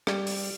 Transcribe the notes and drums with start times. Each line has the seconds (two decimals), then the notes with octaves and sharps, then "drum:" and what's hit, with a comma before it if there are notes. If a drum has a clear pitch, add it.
0.07 G3, drum: rim click
0.27 drum: open hi-hat